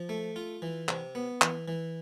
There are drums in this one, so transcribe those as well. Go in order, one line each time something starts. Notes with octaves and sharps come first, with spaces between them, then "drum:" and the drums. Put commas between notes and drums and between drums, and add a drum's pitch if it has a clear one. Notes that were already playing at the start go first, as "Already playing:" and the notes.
Already playing: F3
A3
F4
E3
C3, drum: clap
B3
E3, drum: clap
E3